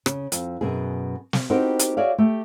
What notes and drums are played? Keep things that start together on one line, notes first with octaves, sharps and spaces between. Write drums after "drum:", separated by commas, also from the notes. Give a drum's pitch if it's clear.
C#3, drum: rim click
F2, drum: hi-hat
F#2 B2 G#4
drum: snare
B3 C4 D#4 F#4 G4 A#4
drum: hi-hat
F#4 G#4 C#5 D5 E5 F5
A3 G4